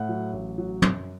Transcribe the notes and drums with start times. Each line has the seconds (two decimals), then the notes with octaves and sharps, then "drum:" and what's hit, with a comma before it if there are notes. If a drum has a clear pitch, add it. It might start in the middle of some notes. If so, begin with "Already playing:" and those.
Already playing: A2 F#5
0.09 F#3
0.34 A1
0.58 F#3
0.82 F#2, drum: tom